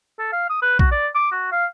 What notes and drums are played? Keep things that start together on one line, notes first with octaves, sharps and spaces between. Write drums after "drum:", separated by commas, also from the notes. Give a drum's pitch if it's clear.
A4
F5
D#6
B4
F#4, drum: kick
D5
D6
F#4
F5